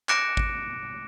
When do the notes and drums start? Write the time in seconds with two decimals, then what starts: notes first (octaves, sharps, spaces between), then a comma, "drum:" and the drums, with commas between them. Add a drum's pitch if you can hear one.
0.09 D6 F#6 A#6 C#7 D7 E7, drum: clap
0.37 drum: kick